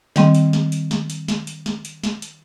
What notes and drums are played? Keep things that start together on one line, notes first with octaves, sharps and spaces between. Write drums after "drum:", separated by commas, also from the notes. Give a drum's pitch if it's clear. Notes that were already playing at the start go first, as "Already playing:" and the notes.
D#3 G3 C4, drum: snare
drum: hi-hat
drum: snare
drum: hi-hat
drum: snare
drum: hi-hat
drum: snare
drum: hi-hat
drum: snare
drum: hi-hat
drum: snare
drum: hi-hat